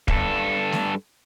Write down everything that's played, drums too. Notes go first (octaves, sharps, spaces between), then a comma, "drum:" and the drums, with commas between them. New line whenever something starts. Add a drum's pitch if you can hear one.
G2 A4, drum: kick
drum: snare A3